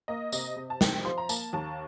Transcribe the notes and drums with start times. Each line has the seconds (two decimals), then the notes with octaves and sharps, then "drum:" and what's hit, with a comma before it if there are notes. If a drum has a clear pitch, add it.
0.08 A#3 D#5
0.32 C3 D#5, drum: tambourine
0.56 C3
0.70 A5
0.81 C3 G5, drum: snare
1.05 F3 C6
1.18 A#5
1.29 A#3 A5, drum: tambourine
1.53 D#2 A5